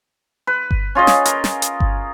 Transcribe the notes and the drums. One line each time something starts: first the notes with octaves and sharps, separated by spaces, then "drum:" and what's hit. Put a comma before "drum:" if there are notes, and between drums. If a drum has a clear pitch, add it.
B4
drum: kick G1
C#4 F4 G#4 D#5
drum: snare
A#4, drum: hi-hat
drum: snare
drum: hi-hat
drum: kick G1